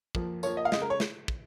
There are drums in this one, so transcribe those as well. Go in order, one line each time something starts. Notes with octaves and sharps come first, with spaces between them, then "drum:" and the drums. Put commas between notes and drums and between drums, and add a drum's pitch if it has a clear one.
F2 F3 A#3, drum: kick
F2 F3 A#3 C#5, drum: tambourine
D#5
F5
C#3 G#3 D#5, drum: snare
A#4
C#5
drum: snare
drum: kick